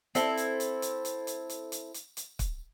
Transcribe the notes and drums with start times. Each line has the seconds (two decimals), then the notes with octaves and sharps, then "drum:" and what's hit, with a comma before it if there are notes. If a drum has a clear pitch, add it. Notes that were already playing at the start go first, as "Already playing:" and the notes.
0.15 C4 E4 A4, drum: hi-hat
0.37 drum: hi-hat
0.60 drum: hi-hat
0.82 drum: hi-hat
1.05 drum: hi-hat
1.27 drum: hi-hat
1.49 drum: hi-hat
1.72 drum: hi-hat
1.94 drum: hi-hat
2.17 drum: hi-hat
2.39 drum: kick, hi-hat